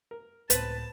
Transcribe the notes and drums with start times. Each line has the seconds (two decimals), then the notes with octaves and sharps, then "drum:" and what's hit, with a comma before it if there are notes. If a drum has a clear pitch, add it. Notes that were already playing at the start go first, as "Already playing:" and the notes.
0.11 A#4
0.50 C#2 A2 B3 C4 B4 A5, drum: hi-hat